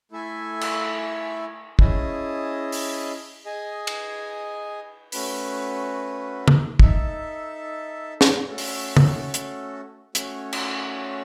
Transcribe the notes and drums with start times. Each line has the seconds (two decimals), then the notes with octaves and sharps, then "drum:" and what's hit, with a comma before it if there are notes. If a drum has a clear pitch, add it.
0.12 A3 E4 A4 E5 G#5
0.61 drum: cymbal
1.79 C#4 E4 G#4 D#5 A5, drum: kick
2.72 drum: open hi-hat
3.45 G#4 D#5 G#5
3.87 drum: cymbal
5.12 A3 C#4 F#4 B4, drum: open hi-hat
6.48 drum: tom
6.80 D#4 A4 E5 A5, drum: kick
8.21 drum: snare
8.48 A3 C#4 F#4 A4
8.58 drum: open hi-hat
8.97 drum: tom
9.34 drum: hi-hat
10.15 A3 C#4 F#4 C#5, drum: hi-hat
10.53 drum: cymbal